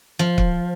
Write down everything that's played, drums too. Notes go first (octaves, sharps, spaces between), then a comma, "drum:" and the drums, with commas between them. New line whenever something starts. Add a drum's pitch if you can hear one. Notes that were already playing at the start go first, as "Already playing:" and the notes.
F3
drum: kick